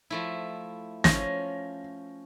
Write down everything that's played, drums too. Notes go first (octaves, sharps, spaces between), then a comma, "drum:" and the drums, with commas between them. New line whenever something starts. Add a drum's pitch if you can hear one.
F3 A3 E4
F3 C#4 A#6, drum: snare